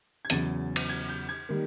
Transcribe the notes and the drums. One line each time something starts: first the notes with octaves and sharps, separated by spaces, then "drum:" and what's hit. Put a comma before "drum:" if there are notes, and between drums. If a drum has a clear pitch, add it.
G#6
E2 C#3 F#3 A6, drum: hi-hat
drum: cymbal
G#6
G6
G#6
D#3 G3 A#3